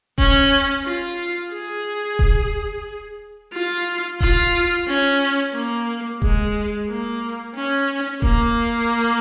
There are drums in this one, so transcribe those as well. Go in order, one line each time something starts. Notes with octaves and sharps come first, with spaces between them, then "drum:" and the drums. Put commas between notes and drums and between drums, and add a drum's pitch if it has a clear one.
C#4, drum: kick D#1
F4
G#4
drum: kick D#1
F4
F4, drum: kick D#1
C#4
A#3
G#3, drum: kick D#1
A#3
C#4
A#3, drum: kick D#1